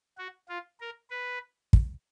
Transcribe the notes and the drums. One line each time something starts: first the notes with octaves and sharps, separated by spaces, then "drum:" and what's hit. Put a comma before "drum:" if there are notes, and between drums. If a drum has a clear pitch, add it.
F#4
F4
A#4
B4
drum: kick